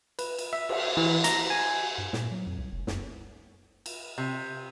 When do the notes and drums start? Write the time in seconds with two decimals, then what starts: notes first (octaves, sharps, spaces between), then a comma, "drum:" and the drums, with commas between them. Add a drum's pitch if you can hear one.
0.19 B4, drum: cymbal
0.39 drum: cymbal
0.53 E5
0.69 drum: cymbal
0.97 E3
1.24 A#5, drum: hi-hat
1.50 G#5
1.98 G2
2.13 A#2, drum: snare
2.31 F#3
2.47 F2
2.58 C2
2.72 F1
2.87 F#2, drum: snare
3.86 drum: cymbal
4.18 C3